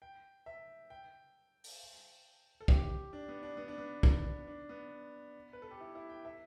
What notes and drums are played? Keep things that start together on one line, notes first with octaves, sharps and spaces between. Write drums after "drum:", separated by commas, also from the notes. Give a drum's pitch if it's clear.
G5
E5
G5
drum: open hi-hat
A4
G4, drum: kick
D4
B3
D4
B3
D4
B3
drum: kick
D4
B3
B4
A4
G4
E4
E4
G5
E5